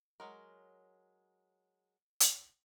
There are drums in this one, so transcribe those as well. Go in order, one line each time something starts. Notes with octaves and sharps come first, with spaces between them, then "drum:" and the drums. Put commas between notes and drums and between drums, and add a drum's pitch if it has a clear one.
F#3 G#3 A#4
drum: hi-hat